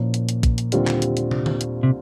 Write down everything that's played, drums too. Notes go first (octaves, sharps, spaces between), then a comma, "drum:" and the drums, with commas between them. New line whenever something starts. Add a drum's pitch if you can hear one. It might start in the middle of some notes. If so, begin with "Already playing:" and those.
Already playing: A#2 F3 A#3 C#4 E4
drum: hi-hat
drum: hi-hat
drum: kick A#1, hi-hat
drum: hi-hat
D#2 D3 G3 C4 F4, drum: hi-hat
drum: clap
drum: hi-hat
drum: hi-hat
drum: tom
drum: tom D3
drum: hi-hat
C3